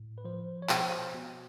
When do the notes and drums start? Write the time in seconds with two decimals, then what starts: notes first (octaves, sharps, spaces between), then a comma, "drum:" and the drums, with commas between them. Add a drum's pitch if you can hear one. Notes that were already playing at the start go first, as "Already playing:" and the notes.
Already playing: A2
0.18 B4
0.25 F3 C5
0.62 C#5
0.69 B2 C5, drum: clap
1.14 B2